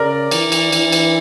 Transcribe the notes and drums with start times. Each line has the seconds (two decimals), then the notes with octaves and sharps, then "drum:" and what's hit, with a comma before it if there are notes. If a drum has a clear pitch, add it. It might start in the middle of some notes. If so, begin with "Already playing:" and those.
Already playing: C#3 A#4 D5
0.31 E3, drum: cymbal
0.52 drum: cymbal
0.72 E3, drum: cymbal
0.92 drum: cymbal